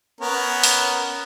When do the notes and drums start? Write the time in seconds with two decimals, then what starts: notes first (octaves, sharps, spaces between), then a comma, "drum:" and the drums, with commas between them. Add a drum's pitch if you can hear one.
0.21 B3 C#4 A#4
0.64 drum: open hi-hat